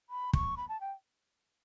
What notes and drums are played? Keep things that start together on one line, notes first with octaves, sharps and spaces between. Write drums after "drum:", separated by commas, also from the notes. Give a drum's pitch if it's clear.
B5
C#6, drum: kick
B5
A5
G5